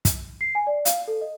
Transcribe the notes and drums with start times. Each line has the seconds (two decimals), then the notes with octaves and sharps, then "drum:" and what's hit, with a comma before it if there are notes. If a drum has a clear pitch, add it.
0.05 drum: kick, hi-hat
0.41 C7
0.55 G#5
0.67 D5
0.85 F5, drum: hi-hat
1.08 A4
1.21 D#5